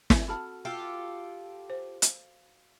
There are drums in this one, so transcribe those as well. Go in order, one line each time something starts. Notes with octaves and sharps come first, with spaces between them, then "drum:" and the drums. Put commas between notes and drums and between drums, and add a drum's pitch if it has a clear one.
C4, drum: snare
F#4 A4 A5 B5 F6
F4 G4 A4 F5
C5
drum: hi-hat